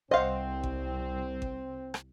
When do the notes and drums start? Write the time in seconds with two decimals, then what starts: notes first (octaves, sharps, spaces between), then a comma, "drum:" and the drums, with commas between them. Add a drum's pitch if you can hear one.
0.11 C2 C4 C5 D#5 F5 F#5
0.64 drum: kick G#1
1.42 drum: kick G#1
1.94 drum: rim click